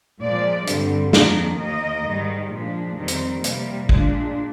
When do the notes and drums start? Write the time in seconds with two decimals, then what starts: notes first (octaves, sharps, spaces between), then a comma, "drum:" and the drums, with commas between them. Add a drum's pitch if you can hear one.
0.21 A#2 F3 G#3 D5
0.67 G2 D3 G3 C4, drum: hi-hat
1.13 F2 D#3 A#3 D4, drum: snare
1.59 D#2 D#3 A#3 D#5
2.05 G#2 D#3 G3
2.51 A#2 F3 G#3 D4
2.97 F2 D#3 G3 C4
3.08 drum: hi-hat
3.44 C3 G3 A#3, drum: hi-hat
3.89 A#2 G#3 D4, drum: kick